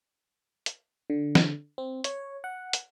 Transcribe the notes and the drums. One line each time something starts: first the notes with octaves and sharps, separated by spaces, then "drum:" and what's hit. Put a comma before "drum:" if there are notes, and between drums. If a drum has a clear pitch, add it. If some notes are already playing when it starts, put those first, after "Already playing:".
drum: hi-hat
D3
drum: snare
C4
C#5, drum: hi-hat
F#5
drum: hi-hat